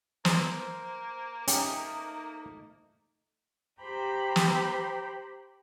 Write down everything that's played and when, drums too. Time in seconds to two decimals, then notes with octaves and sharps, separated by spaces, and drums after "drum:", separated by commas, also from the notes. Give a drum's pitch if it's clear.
0.25 A#3 C5, drum: snare
1.48 A3 C#4 D#4 G4, drum: hi-hat
3.83 G4 C5 G5 A#5 B5
4.36 drum: snare